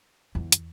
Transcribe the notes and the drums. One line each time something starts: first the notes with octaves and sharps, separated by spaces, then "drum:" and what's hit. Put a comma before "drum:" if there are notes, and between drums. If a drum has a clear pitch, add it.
E2
drum: hi-hat